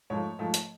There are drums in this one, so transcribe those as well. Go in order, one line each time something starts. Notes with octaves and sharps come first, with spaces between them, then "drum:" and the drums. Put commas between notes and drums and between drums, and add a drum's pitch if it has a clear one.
G#2 F3 A3 C#5
G#2 F3 A3
drum: hi-hat